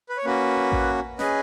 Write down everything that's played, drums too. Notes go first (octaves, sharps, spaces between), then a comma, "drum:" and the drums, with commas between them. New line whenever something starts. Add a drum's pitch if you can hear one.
B4
C#5
A#3 C#4 F#4 B4
drum: kick A1
C#4 G#4 B4 D#5, drum: snare